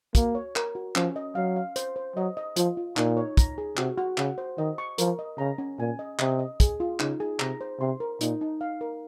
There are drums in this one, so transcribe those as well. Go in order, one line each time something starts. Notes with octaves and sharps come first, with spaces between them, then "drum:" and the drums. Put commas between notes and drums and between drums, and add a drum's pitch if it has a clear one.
A#3 F#4, drum: kick, hi-hat
C#5
A#4, drum: clap
F#4
F3 C#4, drum: clap
D#5
F#3 F5
F5
C5, drum: hi-hat
C5
F#3 D#5
D#5
F3 F4, drum: hi-hat
F4
A#2 D#4, drum: clap
C#5
A#5, drum: kick, hi-hat
G#4
C3 F#4, drum: clap
F#4
C#3 F#5, drum: clap
C5
D#3 D#5
C#6
F3 A#4, drum: hi-hat
D#5
C#3 A#5
C#4
A#2 G#5
D#5
C3 D#5, drum: clap
D#5
G#4, drum: kick, hi-hat
F4
C#3 D#4, drum: clap
G#4
C3 A#5, drum: clap
C5
C3 C6
A#4
A#2 D#4, drum: hi-hat
D#4
F5
A#4